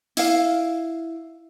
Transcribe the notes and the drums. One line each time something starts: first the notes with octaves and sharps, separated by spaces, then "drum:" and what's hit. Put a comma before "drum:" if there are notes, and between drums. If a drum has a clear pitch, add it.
E4 F5, drum: open hi-hat